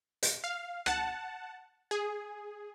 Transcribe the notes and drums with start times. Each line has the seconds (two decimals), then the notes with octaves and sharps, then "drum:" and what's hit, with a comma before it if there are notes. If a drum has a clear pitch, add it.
0.23 drum: hi-hat
0.44 F5
0.86 F#5 A5, drum: rim click
1.91 G#4